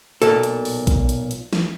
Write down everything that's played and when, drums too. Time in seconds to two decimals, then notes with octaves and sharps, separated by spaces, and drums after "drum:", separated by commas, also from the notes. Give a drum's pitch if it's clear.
0.22 B1 A#2 A4, drum: hi-hat
0.43 drum: hi-hat
0.65 drum: open hi-hat
0.87 drum: kick A#1, hi-hat
1.09 drum: hi-hat
1.31 drum: hi-hat
1.53 drum: snare